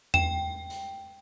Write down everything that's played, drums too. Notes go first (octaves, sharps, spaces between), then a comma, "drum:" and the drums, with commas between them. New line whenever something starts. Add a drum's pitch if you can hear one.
G5 E7, drum: tom E2
drum: hi-hat